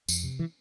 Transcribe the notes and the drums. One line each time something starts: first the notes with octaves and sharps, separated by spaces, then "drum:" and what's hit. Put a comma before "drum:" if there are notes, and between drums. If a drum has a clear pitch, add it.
F2, drum: tambourine
C3
E3